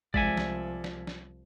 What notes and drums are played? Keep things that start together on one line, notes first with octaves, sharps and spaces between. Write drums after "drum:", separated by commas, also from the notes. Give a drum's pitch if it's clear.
C2 F3 G#3 D5 E5 G#5, drum: kick
drum: snare
drum: snare
drum: snare